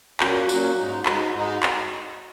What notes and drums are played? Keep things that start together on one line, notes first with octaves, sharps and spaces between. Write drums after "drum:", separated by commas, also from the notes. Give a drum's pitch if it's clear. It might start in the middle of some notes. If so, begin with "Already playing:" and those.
A#2 F#3 A#3 C#4 F#4, drum: clap
F#4
A#2 F#3 A#3 C#4 F#4, drum: tambourine
G#2 G#3 D#4
G#2 G#3 D#4 F#4, drum: clap
G#2 G#3 D#4 F#4
drum: clap